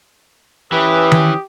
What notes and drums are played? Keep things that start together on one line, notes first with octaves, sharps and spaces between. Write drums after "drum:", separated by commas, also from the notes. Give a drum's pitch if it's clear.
E3 C#4 G4 B4 E5 D#6
drum: tom D#3